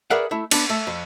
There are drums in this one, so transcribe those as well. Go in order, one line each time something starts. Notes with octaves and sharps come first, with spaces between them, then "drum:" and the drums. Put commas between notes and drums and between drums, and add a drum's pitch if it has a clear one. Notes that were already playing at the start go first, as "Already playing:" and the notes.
G#4 A#4 B4 D5 E5 F#5
A3 E4
B3 D4, drum: cymbal
A3
F2